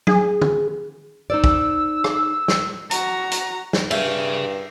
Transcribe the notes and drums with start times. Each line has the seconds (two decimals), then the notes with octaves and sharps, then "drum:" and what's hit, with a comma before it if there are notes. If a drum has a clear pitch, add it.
0.07 G#4, drum: tom
0.42 drum: tom
1.30 D#4 C5 D5 E6
1.44 drum: kick
2.04 drum: rim click
2.48 drum: snare
2.91 F#4 A#5, drum: hi-hat
3.31 drum: hi-hat
3.73 drum: snare
3.91 G2 G#4 E5 F5, drum: cymbal